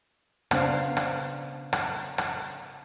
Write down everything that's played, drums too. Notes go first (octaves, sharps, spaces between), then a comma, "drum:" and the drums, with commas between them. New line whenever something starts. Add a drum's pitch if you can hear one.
C#3 B3 D4 C5 F5, drum: rim click
drum: rim click
drum: rim click
drum: rim click